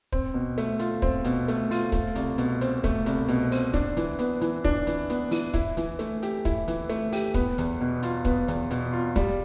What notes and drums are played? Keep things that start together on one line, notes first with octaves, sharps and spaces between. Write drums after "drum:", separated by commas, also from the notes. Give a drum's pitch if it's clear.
C4, drum: kick
B2
A3, drum: hi-hat
F4, drum: hi-hat
C4, drum: kick
B2, drum: hi-hat
A3, drum: hi-hat
F4, drum: open hi-hat
A3, drum: kick, hi-hat
C2, drum: hi-hat
B2, drum: hi-hat
C4, drum: hi-hat
A3, drum: kick, hi-hat
C2, drum: hi-hat
B2, drum: hi-hat
C4, drum: open hi-hat
D4, drum: kick, hi-hat
E3, drum: hi-hat
B3, drum: hi-hat
E3, drum: hi-hat
D4, drum: kick
E3, drum: hi-hat
B3, drum: hi-hat
E3, drum: open hi-hat
E4, drum: kick, hi-hat
E3, drum: hi-hat
A3, drum: hi-hat
G4, drum: hi-hat
E4, drum: kick, hi-hat
E3, drum: hi-hat
A3, drum: hi-hat
G4, drum: open hi-hat
B3, drum: kick, hi-hat
E2, drum: hi-hat
B2
F4, drum: hi-hat
B3, drum: kick, hi-hat
E2, drum: hi-hat
B2, drum: hi-hat
F4
G3, drum: kick, hi-hat